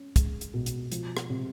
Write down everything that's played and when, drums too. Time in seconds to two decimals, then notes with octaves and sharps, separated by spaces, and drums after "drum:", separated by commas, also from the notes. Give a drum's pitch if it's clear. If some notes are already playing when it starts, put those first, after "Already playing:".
Already playing: C#4
0.16 G#3, drum: kick, hi-hat
0.41 drum: hi-hat
0.54 B2
0.66 drum: hi-hat
0.92 F3, drum: hi-hat
1.17 drum: rim click
1.30 C3